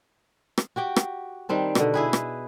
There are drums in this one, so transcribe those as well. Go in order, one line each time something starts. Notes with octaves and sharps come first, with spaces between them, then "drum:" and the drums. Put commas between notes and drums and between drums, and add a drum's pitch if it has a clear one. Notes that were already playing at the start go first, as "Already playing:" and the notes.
drum: rim click
F#4 G4 G5
drum: rim click
D#3 G3 C4 D4
B2 D3, drum: rim click
E4 G#4 B4
drum: rim click